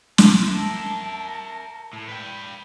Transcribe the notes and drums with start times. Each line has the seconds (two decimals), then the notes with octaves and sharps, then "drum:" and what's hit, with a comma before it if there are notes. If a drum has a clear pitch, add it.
0.18 A5, drum: snare
0.49 A#4 E5
1.93 A2
2.08 B4 G5